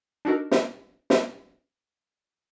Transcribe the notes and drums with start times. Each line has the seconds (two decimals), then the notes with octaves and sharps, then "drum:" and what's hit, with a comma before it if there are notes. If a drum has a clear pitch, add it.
0.25 D4 D#4 F#4 A4 A#4
0.51 drum: snare
1.10 drum: snare